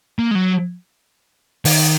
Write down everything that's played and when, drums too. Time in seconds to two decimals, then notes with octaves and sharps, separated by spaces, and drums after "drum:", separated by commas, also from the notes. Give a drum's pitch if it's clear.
0.19 A#3
0.31 G#3
0.35 F#3
1.65 D#3, drum: open hi-hat